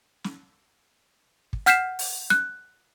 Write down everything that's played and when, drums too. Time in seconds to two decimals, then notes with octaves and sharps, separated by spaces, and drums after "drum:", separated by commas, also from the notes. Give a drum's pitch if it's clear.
0.24 drum: snare
1.53 drum: kick
1.66 F#5 F6 G6 B6 C7 E7, drum: hi-hat
1.99 drum: open hi-hat
2.30 F#6, drum: snare